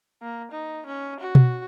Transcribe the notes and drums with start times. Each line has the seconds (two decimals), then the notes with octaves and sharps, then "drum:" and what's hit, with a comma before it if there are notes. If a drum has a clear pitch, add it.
0.22 A#3
0.51 D#4
0.86 C#4
1.20 F#4
1.35 drum: tom B2